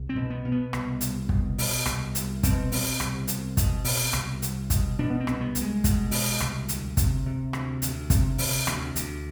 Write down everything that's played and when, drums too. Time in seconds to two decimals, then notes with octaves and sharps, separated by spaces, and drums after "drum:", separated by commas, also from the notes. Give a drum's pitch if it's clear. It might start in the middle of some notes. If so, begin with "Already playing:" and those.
Already playing: C2
0.09 C4
0.16 B2
0.30 B3
0.45 B2
0.52 B3
0.73 C2, drum: rim click
1.01 C2, drum: hi-hat
1.29 B2, drum: kick
1.58 B2, drum: open hi-hat
1.86 C2, drum: rim click
2.15 C2, drum: hi-hat
2.43 B2 C4, drum: kick, hi-hat
2.72 B2, drum: open hi-hat
3.00 C2, drum: rim click
3.28 C2, drum: hi-hat
3.57 B2, drum: kick, hi-hat
3.85 B2, drum: open hi-hat
4.13 C2, drum: rim click
4.42 C2, drum: hi-hat
4.70 B2, drum: kick, hi-hat
4.99 B2 D4
5.10 B3
5.20 C4
5.27 C2, drum: rim click
5.41 B3
5.55 C2, drum: hi-hat
5.62 G#3
5.84 B2, drum: kick, hi-hat
6.11 B2, drum: open hi-hat
6.40 C2, drum: rim click
6.68 D2, drum: hi-hat
6.97 C3, drum: kick, hi-hat
7.26 C3
7.53 D2, drum: rim click
7.82 D2, drum: hi-hat
8.10 C3, drum: kick, hi-hat
8.38 C3, drum: open hi-hat
8.67 D2, drum: rim click
8.96 D2, drum: hi-hat